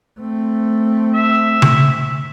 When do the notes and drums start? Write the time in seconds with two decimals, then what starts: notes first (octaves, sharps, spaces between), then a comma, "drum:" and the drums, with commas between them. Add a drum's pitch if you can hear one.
0.20 A3 C4
1.14 E5
1.62 drum: tom C#3